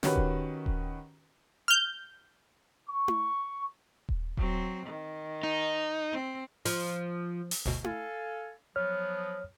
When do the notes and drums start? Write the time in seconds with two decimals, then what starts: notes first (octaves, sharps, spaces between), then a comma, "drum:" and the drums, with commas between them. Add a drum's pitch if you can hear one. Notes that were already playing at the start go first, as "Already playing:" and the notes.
0.03 D#3 C#4 F#4 G4 B4, drum: snare
0.16 drum: kick D#1
0.66 drum: kick D#1
1.68 F6 G6
2.89 C#6
3.08 drum: tom E4
4.09 drum: kick D#1
4.37 F#3 C4, drum: kick D#1
4.86 D#3
5.43 D#4
6.12 C4
6.65 F3, drum: open hi-hat
7.51 drum: open hi-hat
7.66 G1 D2 B2
7.84 A4 F5 G#5, drum: tom E4
8.76 F3 F#3 B3 C#5 F6